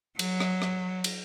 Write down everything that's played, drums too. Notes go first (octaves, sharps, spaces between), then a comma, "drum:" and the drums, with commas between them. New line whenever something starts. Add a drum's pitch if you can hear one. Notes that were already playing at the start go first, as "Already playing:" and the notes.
F#3, drum: cymbal
drum: rim click
drum: rim click
drum: cymbal